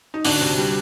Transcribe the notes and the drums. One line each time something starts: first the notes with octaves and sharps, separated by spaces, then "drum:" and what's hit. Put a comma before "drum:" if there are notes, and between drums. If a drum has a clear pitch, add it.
D#4
D2 D4 F#4, drum: open hi-hat
C3
G3